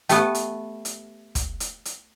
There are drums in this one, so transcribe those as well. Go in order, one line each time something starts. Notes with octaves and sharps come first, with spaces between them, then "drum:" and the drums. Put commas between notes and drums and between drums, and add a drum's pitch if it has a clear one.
A3 B3 G4 G5, drum: hi-hat
drum: hi-hat
drum: hi-hat
drum: kick, hi-hat
drum: hi-hat
drum: hi-hat